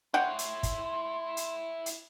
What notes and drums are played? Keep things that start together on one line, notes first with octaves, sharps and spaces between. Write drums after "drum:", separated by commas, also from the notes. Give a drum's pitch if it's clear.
E4 C#5 F#5 G5 C6
drum: hi-hat
drum: kick, hi-hat
drum: hi-hat
drum: hi-hat